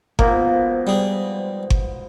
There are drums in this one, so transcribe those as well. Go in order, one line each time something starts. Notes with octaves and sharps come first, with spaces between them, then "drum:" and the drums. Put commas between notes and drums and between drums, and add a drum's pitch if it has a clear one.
G#2 B2 F3 A#3, drum: kick G1
G3 G#4
drum: kick G1